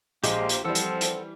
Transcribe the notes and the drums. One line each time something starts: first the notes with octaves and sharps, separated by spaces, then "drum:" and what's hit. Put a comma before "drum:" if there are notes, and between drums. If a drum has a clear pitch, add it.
A#1 G#3 A#3 G4 C5, drum: hi-hat
drum: hi-hat
E3 F3 G3 C4 A4 F#5 E6
drum: hi-hat
drum: hi-hat